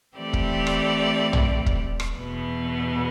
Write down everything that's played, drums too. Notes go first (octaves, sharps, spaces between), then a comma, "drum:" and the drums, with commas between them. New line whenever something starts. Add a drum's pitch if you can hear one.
E3 A3 C4 G4 D5
drum: kick
drum: rim click
drum: tom
drum: kick
drum: rim click
E2 B2 B3